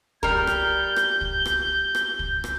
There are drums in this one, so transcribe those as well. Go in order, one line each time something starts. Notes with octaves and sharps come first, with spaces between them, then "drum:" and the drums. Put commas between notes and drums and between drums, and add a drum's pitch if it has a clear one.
G3 A#4 G6, drum: kick
drum: rim click
drum: rim click
drum: kick
drum: rim click
drum: rim click
drum: kick
drum: rim click